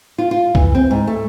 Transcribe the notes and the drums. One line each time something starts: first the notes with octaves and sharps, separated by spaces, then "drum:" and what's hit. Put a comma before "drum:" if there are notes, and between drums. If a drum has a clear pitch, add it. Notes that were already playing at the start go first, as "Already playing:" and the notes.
F4
F4
E3, drum: kick C#2
C4
G#2
A3